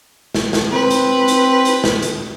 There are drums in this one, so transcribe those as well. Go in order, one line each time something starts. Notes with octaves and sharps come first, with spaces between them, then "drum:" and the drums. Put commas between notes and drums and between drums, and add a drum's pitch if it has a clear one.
drum: snare
drum: snare
C4 B4
drum: hi-hat
drum: hi-hat
drum: hi-hat
drum: snare
drum: hi-hat